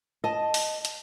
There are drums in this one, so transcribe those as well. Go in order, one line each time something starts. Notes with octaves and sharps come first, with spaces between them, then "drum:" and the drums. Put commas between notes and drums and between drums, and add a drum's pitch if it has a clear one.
D#5 A5
drum: open hi-hat
drum: hi-hat